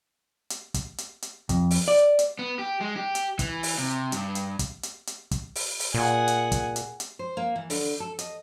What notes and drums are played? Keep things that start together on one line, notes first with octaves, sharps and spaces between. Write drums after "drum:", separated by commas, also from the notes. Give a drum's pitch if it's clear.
drum: hi-hat
drum: kick, hi-hat
drum: hi-hat
drum: hi-hat
F2, drum: kick, hi-hat
drum: open hi-hat
D5
drum: hi-hat
B3
G4
G#3
G4
drum: hi-hat
E3, drum: kick, hi-hat
drum: open hi-hat
C3
G2, drum: hi-hat
drum: hi-hat
drum: kick, hi-hat
drum: hi-hat
drum: hi-hat
drum: kick, hi-hat
drum: open hi-hat
drum: open hi-hat
A#2 G#4 F#5
drum: hi-hat
drum: kick, hi-hat
drum: hi-hat
drum: hi-hat
C5
A#3
E3
D3, drum: open hi-hat
A4
D#5, drum: hi-hat